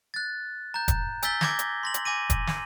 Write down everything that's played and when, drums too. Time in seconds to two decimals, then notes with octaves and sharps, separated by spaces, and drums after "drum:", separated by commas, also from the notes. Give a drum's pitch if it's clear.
0.14 F#6 A6
0.74 A#5 G6
0.88 drum: kick E1, hi-hat
1.23 G#5 E6 G6 A6 B6 G7, drum: hi-hat
1.41 D6 G#6 A#6, drum: snare
1.59 drum: hi-hat
1.83 C6 A#6 F#7
1.94 drum: hi-hat
2.05 G#5 D6 A#6 D#7
2.30 drum: kick E1, hi-hat
2.47 drum: snare